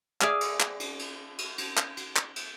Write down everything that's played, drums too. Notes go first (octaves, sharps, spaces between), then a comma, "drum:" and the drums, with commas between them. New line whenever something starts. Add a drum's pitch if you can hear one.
G#4 D5 E5 F5 G#5, drum: clap
drum: cymbal
drum: clap
drum: cymbal
drum: cymbal
drum: cymbal
drum: cymbal
drum: clap
drum: cymbal
drum: clap
drum: cymbal